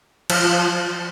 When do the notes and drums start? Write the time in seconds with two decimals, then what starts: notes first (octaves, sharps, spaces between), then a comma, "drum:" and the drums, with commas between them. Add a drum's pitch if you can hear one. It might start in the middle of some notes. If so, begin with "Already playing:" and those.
0.30 F3, drum: cymbal